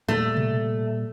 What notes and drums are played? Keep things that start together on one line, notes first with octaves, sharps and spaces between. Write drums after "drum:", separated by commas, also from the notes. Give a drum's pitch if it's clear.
A#2 G3 A3
drum: tom B2